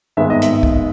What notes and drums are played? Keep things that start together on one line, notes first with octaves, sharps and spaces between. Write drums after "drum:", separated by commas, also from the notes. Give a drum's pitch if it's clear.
G#1 G2 D#3 G#3 B3 E5
D#5
E5, drum: hi-hat
drum: kick